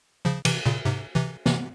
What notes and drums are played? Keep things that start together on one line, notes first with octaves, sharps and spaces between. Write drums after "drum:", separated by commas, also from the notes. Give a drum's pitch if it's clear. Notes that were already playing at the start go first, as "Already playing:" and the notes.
C#3 F3
C3 E3, drum: cymbal
A#2 C#3
G#2 C3
C3 E3
C3 E3, drum: snare